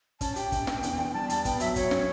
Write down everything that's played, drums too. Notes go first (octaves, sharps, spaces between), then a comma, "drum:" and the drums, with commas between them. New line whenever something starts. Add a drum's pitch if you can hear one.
C#4 A5, drum: kick, hi-hat
G4 G5, drum: hi-hat
E1, drum: kick, hi-hat
E1, drum: snare
E2, drum: hi-hat
E2
G5
G3 A5
G3 A5, drum: hi-hat
B3 G5, drum: kick, hi-hat
F#3 E5, drum: hi-hat
F#3 C#5, drum: kick, hi-hat
C#4, drum: snare